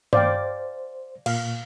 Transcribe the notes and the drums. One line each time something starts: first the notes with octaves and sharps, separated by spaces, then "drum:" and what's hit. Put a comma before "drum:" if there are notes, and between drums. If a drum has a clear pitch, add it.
C5 D5 F5 G5, drum: tom G2
A#2 F5, drum: cymbal